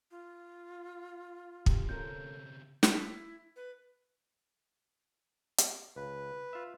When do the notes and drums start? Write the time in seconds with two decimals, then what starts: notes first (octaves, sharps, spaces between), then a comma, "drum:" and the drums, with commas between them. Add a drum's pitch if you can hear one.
0.11 F4
1.66 C#3 C4 G4, drum: kick
1.89 C#4 A4 A#4 G6
2.83 E4, drum: snare
3.56 B4
5.58 drum: hi-hat
5.96 C#2 B4
6.53 F4 E5